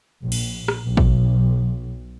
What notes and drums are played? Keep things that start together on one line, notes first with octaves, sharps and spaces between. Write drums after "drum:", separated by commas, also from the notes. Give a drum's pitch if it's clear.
A#1
drum: cymbal
drum: rim click
B1
drum: kick A1